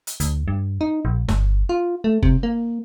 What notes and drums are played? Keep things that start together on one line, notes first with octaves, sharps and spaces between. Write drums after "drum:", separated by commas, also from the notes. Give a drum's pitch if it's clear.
drum: hi-hat
D2, drum: hi-hat
G2
D#4
A#1
G1, drum: snare
F4
A3
C3, drum: kick
A#3